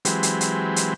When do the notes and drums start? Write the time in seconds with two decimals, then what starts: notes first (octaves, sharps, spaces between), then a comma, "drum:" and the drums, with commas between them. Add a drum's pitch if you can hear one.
0.05 E3 F#3 G#3 C4 G4 B4, drum: hi-hat
0.23 drum: hi-hat
0.41 drum: hi-hat
0.76 drum: hi-hat